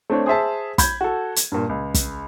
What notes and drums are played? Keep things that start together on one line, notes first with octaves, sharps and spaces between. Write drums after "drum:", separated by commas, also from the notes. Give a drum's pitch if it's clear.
A3 C4 D4 C#5
G#4 C5 E5 A5
B5 G6 G#6, drum: kick, hi-hat
F#4 A4
drum: hi-hat
G2 A#2
C#2
drum: kick, hi-hat